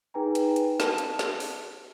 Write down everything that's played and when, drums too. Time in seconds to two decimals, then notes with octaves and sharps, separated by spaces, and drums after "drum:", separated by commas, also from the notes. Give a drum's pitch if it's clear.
0.14 D#4 G#4 B4 G5 G#5 A#5
0.35 drum: hi-hat
0.56 drum: hi-hat
0.80 A5, drum: snare
0.98 drum: hi-hat
1.19 drum: snare
1.40 drum: open hi-hat